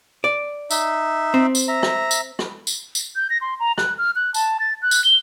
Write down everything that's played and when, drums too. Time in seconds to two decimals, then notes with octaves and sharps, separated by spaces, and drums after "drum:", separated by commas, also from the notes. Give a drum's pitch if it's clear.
0.24 D5
0.71 D#4 E5, drum: tambourine
1.34 C4
1.55 drum: tambourine
1.68 E5 A#5
1.83 drum: rim click
2.11 drum: tambourine
2.39 drum: rim click
2.67 drum: tambourine
2.95 drum: tambourine
3.16 G6
3.30 A#6
3.41 C6
3.60 A#5
3.78 F#6, drum: rim click
3.98 F6
4.16 F#6
4.34 A5, drum: tambourine
4.60 A6
4.82 F#6
4.91 drum: tambourine
5.04 G7